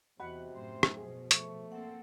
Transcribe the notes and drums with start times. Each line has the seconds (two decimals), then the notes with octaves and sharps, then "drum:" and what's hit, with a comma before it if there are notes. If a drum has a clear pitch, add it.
0.20 E2 C3 F#4 D#5 F#5 B5
0.56 F#2 A2 C5 C6
0.83 drum: rim click
0.97 B2 F3 G#4 C5
1.31 A3 C#6, drum: hi-hat
1.72 A#3 C4 A4 F#5